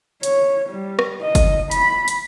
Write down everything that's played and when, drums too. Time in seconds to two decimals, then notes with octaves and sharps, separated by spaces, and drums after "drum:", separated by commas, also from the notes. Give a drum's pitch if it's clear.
0.23 C#5, drum: hi-hat
0.69 G3
0.99 drum: rim click
1.22 D#5
1.35 drum: kick, hi-hat
1.71 B5, drum: hi-hat
2.08 drum: hi-hat